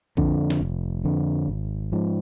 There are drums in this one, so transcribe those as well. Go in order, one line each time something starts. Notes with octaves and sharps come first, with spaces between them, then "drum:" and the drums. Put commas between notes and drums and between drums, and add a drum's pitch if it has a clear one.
F2 D3, drum: kick A#1
drum: snare
F1
F2 D3
G#1
G#2 F3